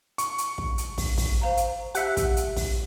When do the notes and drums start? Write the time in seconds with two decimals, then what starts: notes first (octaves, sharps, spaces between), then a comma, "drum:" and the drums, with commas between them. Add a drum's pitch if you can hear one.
0.18 C#6, drum: hi-hat
0.38 drum: hi-hat
0.58 drum: kick
0.78 drum: hi-hat
0.98 drum: kick, open hi-hat
1.18 drum: kick, open hi-hat
1.41 C5 F5 A#5
1.57 drum: hi-hat
1.95 G4 E5 F#5, drum: hi-hat
2.17 drum: kick, hi-hat
2.37 drum: hi-hat
2.56 drum: kick, open hi-hat